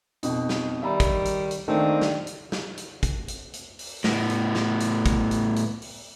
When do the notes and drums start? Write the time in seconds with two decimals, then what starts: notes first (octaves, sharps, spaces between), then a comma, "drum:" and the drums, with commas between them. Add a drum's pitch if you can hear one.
0.23 F2 B2 D#4, drum: hi-hat
0.49 drum: snare
0.83 D#3 G3 E5 A#5 B5
1.00 drum: kick, hi-hat
1.25 drum: hi-hat
1.51 drum: hi-hat
1.68 D#3 A3 A#3 C4 D4 D#4
2.01 drum: snare
2.27 drum: hi-hat
2.52 drum: snare
2.77 drum: hi-hat
3.03 drum: kick, hi-hat
3.28 drum: hi-hat
3.54 drum: hi-hat
3.79 drum: open hi-hat
4.04 A2 B3, drum: snare
4.30 drum: hi-hat
4.55 drum: snare
4.80 drum: hi-hat
5.06 drum: kick, hi-hat
5.31 drum: hi-hat
5.56 drum: hi-hat
5.82 drum: open hi-hat